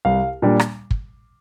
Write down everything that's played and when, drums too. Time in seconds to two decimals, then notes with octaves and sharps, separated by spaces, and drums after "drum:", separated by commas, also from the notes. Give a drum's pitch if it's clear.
0.05 C2 F5
0.42 A#2 G3 D4
0.59 drum: rim click
0.91 drum: kick